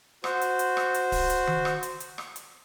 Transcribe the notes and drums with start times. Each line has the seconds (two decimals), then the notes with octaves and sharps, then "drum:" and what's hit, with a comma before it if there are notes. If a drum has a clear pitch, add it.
0.24 F#4 C5, drum: rim click
0.41 drum: hi-hat
0.59 drum: hi-hat
0.77 drum: rim click
0.94 drum: hi-hat
1.12 drum: kick D1, open hi-hat
1.30 drum: hi-hat
1.47 drum: tom D#3
1.65 drum: rim click
1.83 drum: hi-hat
2.00 drum: hi-hat
2.18 drum: rim click
2.36 drum: hi-hat